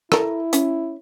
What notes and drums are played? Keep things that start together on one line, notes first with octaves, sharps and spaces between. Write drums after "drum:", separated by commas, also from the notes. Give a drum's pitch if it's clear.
E4 A4 A#4, drum: rim click
C#4, drum: hi-hat